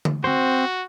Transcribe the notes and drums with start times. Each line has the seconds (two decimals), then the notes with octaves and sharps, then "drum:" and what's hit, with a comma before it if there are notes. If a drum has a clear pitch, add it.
0.05 drum: tom D3
0.24 C4 F#4 C5